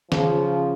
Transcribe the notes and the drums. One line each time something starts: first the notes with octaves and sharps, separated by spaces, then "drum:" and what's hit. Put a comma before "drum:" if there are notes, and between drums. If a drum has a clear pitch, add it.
C#3 F3, drum: snare